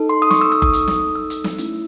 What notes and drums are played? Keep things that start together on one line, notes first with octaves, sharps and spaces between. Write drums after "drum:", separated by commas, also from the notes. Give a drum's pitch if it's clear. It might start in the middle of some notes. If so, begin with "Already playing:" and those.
Already playing: D#4 A4
C6
D#6
C#6, drum: snare
E6
E6
D#6, drum: kick F#1
drum: hi-hat
drum: snare
E6
drum: hi-hat
drum: snare
A3 C#4 E4, drum: hi-hat